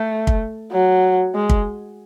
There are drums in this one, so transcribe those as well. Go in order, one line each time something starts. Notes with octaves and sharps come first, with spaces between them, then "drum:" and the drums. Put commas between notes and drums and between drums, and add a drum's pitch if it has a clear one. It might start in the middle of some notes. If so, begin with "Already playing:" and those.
Already playing: A3
drum: kick
F#3
G#3
drum: kick